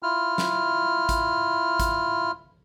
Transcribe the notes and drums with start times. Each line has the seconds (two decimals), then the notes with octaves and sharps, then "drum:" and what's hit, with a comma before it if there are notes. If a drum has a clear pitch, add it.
0.03 E4 F4 F6
0.38 drum: snare
1.09 drum: kick, hi-hat
1.80 drum: kick, hi-hat